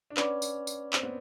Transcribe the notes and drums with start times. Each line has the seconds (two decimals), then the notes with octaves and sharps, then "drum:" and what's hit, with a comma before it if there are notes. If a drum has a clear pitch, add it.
0.10 D4
0.17 C#4 B4 D5 F#5 B5 D6, drum: clap
0.42 drum: tambourine
0.67 drum: tambourine
0.93 C4, drum: clap
1.03 B3